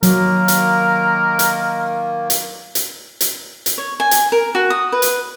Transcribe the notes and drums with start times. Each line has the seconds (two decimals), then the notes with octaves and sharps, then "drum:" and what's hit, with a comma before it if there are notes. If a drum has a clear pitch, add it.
0.03 D#3 F#3 A#3 A#4, drum: hi-hat
0.48 drum: hi-hat
1.39 drum: hi-hat
2.30 drum: hi-hat
2.75 drum: hi-hat
3.21 drum: hi-hat
3.66 drum: hi-hat
3.78 C#5
4.00 G#5
4.11 drum: hi-hat
4.32 A#4
4.55 F#4
4.70 D#6
4.92 B4
5.02 drum: hi-hat